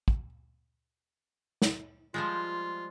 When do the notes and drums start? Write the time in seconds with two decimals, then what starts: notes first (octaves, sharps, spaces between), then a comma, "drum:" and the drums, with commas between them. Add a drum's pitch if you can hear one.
0.08 drum: kick
1.62 drum: snare
2.14 F3 G3 G#3 F4